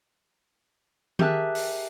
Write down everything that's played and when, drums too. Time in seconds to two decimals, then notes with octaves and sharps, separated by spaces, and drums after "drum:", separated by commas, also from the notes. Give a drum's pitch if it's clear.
1.19 G4 G#4 A#4 E5 A5 F#6, drum: tom D#3
1.55 drum: open hi-hat